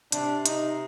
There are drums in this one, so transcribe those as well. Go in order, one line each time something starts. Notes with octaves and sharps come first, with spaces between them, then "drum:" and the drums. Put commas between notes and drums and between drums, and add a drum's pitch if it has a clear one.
C3 D4, drum: hi-hat
D#4, drum: hi-hat